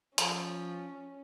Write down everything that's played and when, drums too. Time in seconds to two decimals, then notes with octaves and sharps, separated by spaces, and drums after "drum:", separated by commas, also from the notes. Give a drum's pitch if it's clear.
0.18 F3 C#4, drum: hi-hat